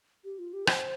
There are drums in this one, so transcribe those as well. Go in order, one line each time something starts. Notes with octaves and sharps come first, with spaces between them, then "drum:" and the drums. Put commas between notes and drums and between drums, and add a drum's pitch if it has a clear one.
G4
F4
G4
C5, drum: rim click